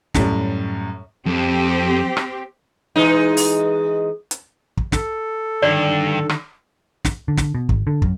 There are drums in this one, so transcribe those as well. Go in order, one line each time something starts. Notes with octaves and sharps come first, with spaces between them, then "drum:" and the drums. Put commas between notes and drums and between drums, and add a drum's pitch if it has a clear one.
F#2 A2 G3, drum: snare
F2 C4 G4
drum: rim click
E3 G#3 D#4
drum: open hi-hat
drum: hi-hat
drum: kick
A4, drum: snare
G2 D3 D#3 D5
drum: rim click
drum: snare
D3
drum: snare
B2
G#1, drum: kick
D3
F#2, drum: kick